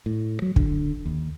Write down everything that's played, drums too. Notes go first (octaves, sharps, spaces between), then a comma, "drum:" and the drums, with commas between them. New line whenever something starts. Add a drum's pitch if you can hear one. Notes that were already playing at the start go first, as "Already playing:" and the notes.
A2
F#3
D3, drum: kick
D#2